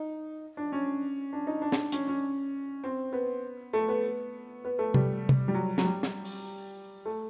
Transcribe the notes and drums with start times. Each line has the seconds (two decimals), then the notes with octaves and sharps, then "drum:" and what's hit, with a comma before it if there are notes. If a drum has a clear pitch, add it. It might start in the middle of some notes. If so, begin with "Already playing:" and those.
Already playing: D#4
0.57 D4
0.72 C#4
1.33 D4
1.47 D#4
1.62 D4
1.72 drum: snare
1.92 C#4, drum: hi-hat
2.08 C#4
2.84 C4
3.13 B3
3.73 A3
3.88 B3
4.65 B3
4.79 A3
4.94 G3, drum: tom C3
5.29 drum: tom C3
5.48 G3
5.54 F#3
5.78 F#3, drum: snare
5.84 G3
6.03 drum: snare
6.25 drum: open hi-hat
7.05 A3